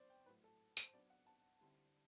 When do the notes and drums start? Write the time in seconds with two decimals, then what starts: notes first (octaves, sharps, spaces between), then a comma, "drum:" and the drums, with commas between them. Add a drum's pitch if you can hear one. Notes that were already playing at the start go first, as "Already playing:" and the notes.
Already playing: F#3 B3 D4 C5 D5
0.10 G5
0.26 A2 F#3 A3 B4
0.44 A4
0.77 C5, drum: tambourine
0.93 F#3 B3 D4 D5
1.10 F#5
1.27 A5
1.61 D3 G3 C4 E4